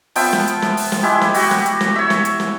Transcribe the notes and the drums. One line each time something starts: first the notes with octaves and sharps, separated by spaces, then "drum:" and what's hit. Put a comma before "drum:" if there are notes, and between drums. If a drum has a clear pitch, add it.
F3 B3 E5 G5, drum: open hi-hat
drum: snare
drum: hi-hat
drum: snare
drum: open hi-hat
drum: snare
G#3 E4 G4
drum: snare
F#4 G4, drum: open hi-hat
drum: snare
drum: hi-hat
drum: snare
C#5 E5
drum: snare
drum: hi-hat
drum: snare